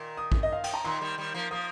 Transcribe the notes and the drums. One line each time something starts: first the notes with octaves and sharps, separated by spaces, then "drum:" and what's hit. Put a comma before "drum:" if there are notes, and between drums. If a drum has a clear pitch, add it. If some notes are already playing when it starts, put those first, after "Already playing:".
Already playing: A#2 D#3
D#6
drum: kick
D#5
F5
G5, drum: cymbal
A#5
A#2 D#3 C6
D#3 G3
D#3 G3
F3 A#3
F3 A#3 D#6